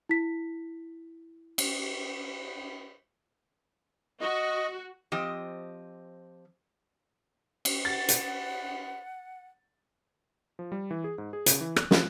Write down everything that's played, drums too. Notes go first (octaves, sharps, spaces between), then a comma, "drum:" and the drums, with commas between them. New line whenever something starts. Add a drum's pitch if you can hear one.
E4 B6
drum: cymbal
F#4 D#5
F3 C4 G4 D#5
drum: cymbal
F#5 A6
drum: hi-hat
F3
G3
E3
G#4
G#2
G#4
C#3, drum: hi-hat
E3
F#6, drum: rim click
F3, drum: snare